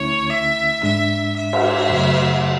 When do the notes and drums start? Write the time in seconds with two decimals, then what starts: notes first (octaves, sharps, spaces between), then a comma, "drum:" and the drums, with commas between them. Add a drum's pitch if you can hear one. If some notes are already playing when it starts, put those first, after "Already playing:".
Already playing: D2 D3 A3 C#4 E4 C#5
0.30 E5
0.83 G#2 G#3 D4 E5
1.36 E5
1.53 drum: cymbal
1.90 F#2 C#3 F#3 A3